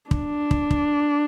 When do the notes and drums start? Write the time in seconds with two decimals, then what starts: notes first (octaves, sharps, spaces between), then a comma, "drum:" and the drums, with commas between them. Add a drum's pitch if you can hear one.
0.11 D4, drum: kick
0.51 drum: kick
0.71 drum: kick